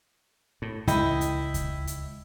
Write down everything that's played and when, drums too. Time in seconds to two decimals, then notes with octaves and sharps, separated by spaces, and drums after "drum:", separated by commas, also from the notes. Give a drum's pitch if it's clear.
0.62 A2
0.88 C#2 E4 D#5 G5, drum: hi-hat
1.21 drum: hi-hat
1.54 drum: kick D2, hi-hat
1.87 drum: hi-hat